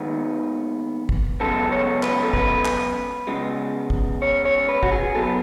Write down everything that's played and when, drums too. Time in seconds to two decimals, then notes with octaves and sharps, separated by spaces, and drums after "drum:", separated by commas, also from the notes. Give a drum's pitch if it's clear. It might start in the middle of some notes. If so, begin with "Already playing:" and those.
Already playing: D#2 D#3 G#3 B3 B4
1.09 drum: kick
1.40 F#2 C#3 G#3 B3 A4
1.72 C#5
2.03 B4, drum: clap
2.23 A4
2.33 B4, drum: kick
2.65 drum: clap
3.27 C#2 C#3 G#3 B3
3.90 drum: kick
4.22 C#5
4.45 C#5
4.69 B4
4.83 F#4, drum: kick
4.92 G#4
5.15 B2 F#3 B3 A4
5.23 B4